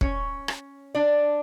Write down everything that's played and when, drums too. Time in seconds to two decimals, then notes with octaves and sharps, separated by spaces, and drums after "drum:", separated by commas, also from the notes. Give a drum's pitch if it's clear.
0.01 C#4 C#5, drum: kick
0.48 drum: rim click
0.95 D4 D5